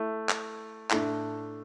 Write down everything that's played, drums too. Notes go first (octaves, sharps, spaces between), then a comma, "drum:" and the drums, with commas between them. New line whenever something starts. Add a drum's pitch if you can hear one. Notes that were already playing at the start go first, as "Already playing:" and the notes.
Already playing: A3 E4
drum: clap
A2 A3 D4, drum: clap